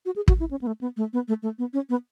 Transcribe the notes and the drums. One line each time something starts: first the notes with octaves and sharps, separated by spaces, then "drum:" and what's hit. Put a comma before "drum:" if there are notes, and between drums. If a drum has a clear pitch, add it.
F#4
G#4
F#4, drum: kick
E4
C#4
B3
A3
B3
A3
B3
A3
A3
B3
C#4
B3